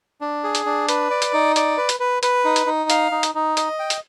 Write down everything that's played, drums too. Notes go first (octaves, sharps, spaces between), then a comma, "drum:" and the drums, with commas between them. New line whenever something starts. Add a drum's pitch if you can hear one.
D4
G#4
drum: hi-hat
D4
B4, drum: hi-hat
D5
drum: hi-hat
D#4
D5, drum: hi-hat
B4
drum: hi-hat
B4
B4, drum: hi-hat
D#4
drum: hi-hat
D#4
F5, drum: hi-hat
D#4
drum: hi-hat
D#4
D#5, drum: hi-hat
G5
drum: hi-hat